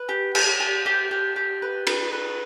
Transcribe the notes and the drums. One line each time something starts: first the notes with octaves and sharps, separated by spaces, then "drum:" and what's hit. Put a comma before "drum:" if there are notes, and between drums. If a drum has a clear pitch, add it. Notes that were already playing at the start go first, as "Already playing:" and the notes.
Already playing: B4
G4
G4, drum: cymbal
G4
G4
G4
G4
B4
B4, drum: cymbal
B4